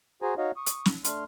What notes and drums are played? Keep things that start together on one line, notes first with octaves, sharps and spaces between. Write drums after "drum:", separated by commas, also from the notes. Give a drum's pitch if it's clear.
F#4 G#4 C5 G#5 A#5
D#4 F#4 C#5 D#5 F5
C#6 D#6
drum: hi-hat
drum: snare
A3 D4 C6 F6, drum: hi-hat